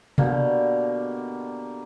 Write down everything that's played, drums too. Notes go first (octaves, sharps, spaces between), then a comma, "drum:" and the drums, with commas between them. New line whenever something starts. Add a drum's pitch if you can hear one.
B2 D3 A#3 G4, drum: tom C3